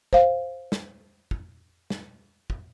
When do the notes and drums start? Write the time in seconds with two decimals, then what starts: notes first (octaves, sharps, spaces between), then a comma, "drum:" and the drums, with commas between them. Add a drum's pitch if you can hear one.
0.13 C5 F5, drum: kick
0.72 drum: snare
1.31 drum: kick
1.90 drum: snare
2.50 drum: kick